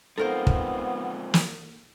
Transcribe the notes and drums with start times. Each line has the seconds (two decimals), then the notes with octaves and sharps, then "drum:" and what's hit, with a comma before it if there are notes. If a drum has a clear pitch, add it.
0.18 G#3 B3 C4 D#4 F4 A4 A#4 C5
0.47 drum: kick
1.34 drum: snare